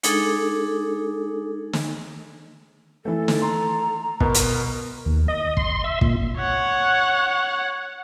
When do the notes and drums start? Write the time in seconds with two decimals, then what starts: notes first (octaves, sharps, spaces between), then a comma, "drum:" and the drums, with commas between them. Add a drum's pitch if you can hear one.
0.03 G#3 D4 D#4 G#4 A4, drum: hi-hat
1.73 drum: snare
3.05 E3 A3 A4
3.28 drum: snare
3.42 A#5 C6
4.20 B2 A#4, drum: kick
4.34 drum: hi-hat
5.06 D#2
5.28 D#5
5.57 C6, drum: kick
5.84 E5
6.01 A#2, drum: kick
6.38 C#5 F#5